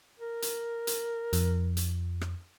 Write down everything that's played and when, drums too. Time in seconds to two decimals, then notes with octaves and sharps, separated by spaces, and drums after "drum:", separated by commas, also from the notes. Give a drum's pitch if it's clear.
0.20 A#4
0.42 drum: hi-hat
0.87 drum: hi-hat
1.33 F2, drum: hi-hat
1.77 drum: hi-hat
2.21 drum: rim click